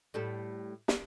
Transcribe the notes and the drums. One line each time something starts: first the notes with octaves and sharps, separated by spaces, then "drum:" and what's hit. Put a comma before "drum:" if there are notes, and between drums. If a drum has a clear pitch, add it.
A2 G3 A4
drum: snare